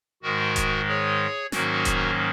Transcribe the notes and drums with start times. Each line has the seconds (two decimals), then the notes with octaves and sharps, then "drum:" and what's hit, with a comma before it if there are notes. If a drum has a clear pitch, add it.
0.23 G#2 D#3 G#3 F#4 A#4
0.56 drum: kick D#1, hi-hat
0.88 G#4 C#5
1.52 G#2 D#3 F#3 A#3 C#4 F#4 A#4, drum: snare
1.85 drum: kick D#1, hi-hat